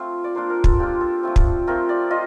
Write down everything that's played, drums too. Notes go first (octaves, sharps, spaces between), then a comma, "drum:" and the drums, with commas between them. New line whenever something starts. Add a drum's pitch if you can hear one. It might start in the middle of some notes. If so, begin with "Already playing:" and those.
Already playing: A3 C4 F4
D5
A#3 D4 F4 C5
A#4
A4, drum: kick
A#3 D4 F4 G4
A4
F3 A3 C4
drum: kick
F3 A3 C4 A#4
D5
F4 D#5